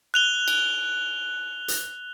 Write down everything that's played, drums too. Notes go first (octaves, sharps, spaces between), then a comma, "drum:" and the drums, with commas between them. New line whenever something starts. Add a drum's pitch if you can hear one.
F#6 F7 G7
drum: cymbal
drum: hi-hat